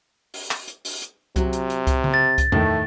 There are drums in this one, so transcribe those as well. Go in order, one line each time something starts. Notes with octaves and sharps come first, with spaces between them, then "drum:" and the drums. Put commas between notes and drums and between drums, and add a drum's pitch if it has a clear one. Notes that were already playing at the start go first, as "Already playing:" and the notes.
drum: open hi-hat
drum: clap
drum: hi-hat
drum: open hi-hat
drum: hi-hat
C3 F#3, drum: kick C2, hi-hat
drum: hi-hat
drum: hi-hat
drum: kick C2, hi-hat
drum: tom C#3
A6
drum: kick C2, hi-hat
A2 D#3 A3, drum: tom E2